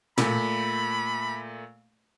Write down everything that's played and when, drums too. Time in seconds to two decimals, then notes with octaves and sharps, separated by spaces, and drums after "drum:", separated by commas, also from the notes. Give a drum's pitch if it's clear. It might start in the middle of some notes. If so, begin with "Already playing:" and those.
0.18 A#2 A3 B5, drum: tom